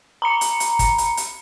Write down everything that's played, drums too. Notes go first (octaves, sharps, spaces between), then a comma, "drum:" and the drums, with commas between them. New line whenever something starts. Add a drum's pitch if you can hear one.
A#5 B5 C#7
drum: hi-hat
drum: hi-hat
drum: kick, hi-hat
drum: hi-hat
drum: hi-hat